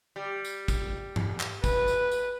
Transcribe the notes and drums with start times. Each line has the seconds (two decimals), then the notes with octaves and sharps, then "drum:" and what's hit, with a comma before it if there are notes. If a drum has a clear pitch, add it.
0.16 G3
0.45 drum: tambourine
0.68 drum: kick, tambourine
1.16 drum: tom G2
1.40 drum: clap
1.64 B4, drum: kick, tambourine
1.88 drum: tambourine
2.11 drum: tambourine